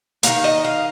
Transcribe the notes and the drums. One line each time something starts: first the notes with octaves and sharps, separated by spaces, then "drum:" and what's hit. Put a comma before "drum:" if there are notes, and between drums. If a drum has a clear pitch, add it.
D#3 A#3 F5, drum: hi-hat
D#5
F5